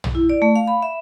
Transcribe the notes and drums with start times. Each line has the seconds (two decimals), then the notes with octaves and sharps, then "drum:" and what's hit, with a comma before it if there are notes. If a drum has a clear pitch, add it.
0.04 drum: tom
0.15 E4
0.29 D5
0.42 A3
0.56 F5
0.67 B5
0.82 E5